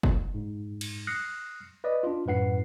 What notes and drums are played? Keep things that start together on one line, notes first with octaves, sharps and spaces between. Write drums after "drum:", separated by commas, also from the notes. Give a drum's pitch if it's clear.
drum: kick F#1
G#2
drum: cymbal
D#6 F6 F#6 A#6 C7 C#7
B4 D5 D#5
D4 F4
F#2 A2 B4 F#5 C7